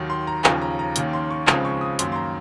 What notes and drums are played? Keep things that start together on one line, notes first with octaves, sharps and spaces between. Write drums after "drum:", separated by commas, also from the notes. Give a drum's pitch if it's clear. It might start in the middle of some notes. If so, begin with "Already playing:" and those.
Already playing: D#2 D#3 F#3
C6
A#5
D#2 C#3 F3 A#5, drum: clap
A#5
A#5
D#2 D#3 A#3 C#4, drum: hi-hat
C6
C#6
C#2 C#3 F3 G#3 C4 D#6, drum: clap
C#6
D#6
F#2 D#3 A#3 C6, drum: hi-hat
C6
A#5